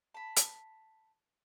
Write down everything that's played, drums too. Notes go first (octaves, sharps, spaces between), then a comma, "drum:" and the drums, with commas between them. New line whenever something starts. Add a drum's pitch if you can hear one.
A5 B5
drum: hi-hat